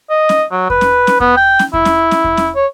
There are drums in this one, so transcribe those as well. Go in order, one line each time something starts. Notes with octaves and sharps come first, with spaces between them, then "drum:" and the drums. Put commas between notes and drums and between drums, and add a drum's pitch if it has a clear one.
D#5
drum: snare C#4
F#3
B4, drum: kick E2
drum: snare C#4
drum: snare C#4
B3, drum: kick E2
G5
drum: snare C#4
E4, drum: kick E2
drum: snare C#4
drum: snare C#4
drum: kick E2
drum: snare C#4
C#5